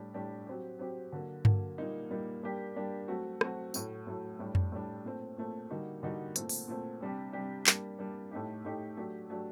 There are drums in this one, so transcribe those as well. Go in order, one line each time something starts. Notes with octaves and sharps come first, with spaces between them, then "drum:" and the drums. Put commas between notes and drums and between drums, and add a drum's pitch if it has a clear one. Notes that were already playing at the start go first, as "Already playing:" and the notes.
Already playing: A2 G3 D4 G4
A2 G3 D4 G4
F#3 C4 G4
F#3 C4 G4
D3 F#3 A#3
D3 F#3 A#3, drum: tom G2
A#2 G3 A#3 D#4
A#2 G3 A#3 D#4
G3 A#3 D4 G4
G3 A#3 D4 G4
F#3 A3 C4 F#4
F#3 A3 C4 F#4, drum: rim click
A2 F#3 A3, drum: tambourine
A2 F#3 A3
A2 G3 D4
drum: tom F2
A2 G3 D4
A#2 A3 C4
A#2 A3 C4
D3 G3 A#3 D#4 F#4
D3 G3 A#3 D#4 F#4
A#2 A3 C4, drum: hi-hat
drum: open hi-hat
A#2 A3 C4
C3 G3 D4 G4
C3 G3 D4 G4
G3 A#3 D4, drum: clap
G3 A#3 D4
A2 A3 D#4 G4
A2 A3 D#4 G4
F#3 A3 D4 G4
F#3 A3 D4 G4